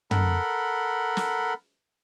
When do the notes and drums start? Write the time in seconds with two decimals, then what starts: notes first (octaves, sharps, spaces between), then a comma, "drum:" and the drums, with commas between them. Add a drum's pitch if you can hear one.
0.11 A4 A#4 F#5 B5, drum: tom
1.17 drum: snare